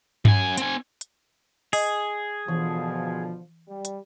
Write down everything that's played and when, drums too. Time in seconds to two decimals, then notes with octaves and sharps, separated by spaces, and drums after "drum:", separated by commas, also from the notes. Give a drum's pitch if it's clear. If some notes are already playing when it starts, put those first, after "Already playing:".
0.25 F#2 G#5, drum: tom G2
0.57 C4 G#5, drum: hi-hat
1.01 drum: hi-hat
1.73 G#4 D#5, drum: open hi-hat
2.48 B2 D3 E3 F3
3.69 G3
3.85 drum: hi-hat